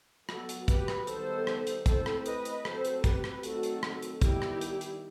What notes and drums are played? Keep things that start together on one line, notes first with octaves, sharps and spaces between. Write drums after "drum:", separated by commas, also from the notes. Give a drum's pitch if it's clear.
F#3 B3 F#4 A4, drum: rim click
drum: hi-hat
G4 B4, drum: kick, hi-hat
drum: rim click
D#3 G3 B3 A4 C5, drum: hi-hat
drum: rim click
drum: hi-hat
E3 A3 C4 A4 C5, drum: kick, hi-hat
drum: rim click
B4 D#5, drum: hi-hat
drum: hi-hat
F#3 A3 C4 A4 C5, drum: rim click
drum: hi-hat
G4 B4, drum: kick, hi-hat
drum: rim click
D#3 F#3 A3 C4 F#4 A4, drum: hi-hat
drum: hi-hat
drum: rim click
drum: hi-hat
D#3 G3 B3 E4 G4, drum: kick, hi-hat
drum: rim click
drum: hi-hat
drum: hi-hat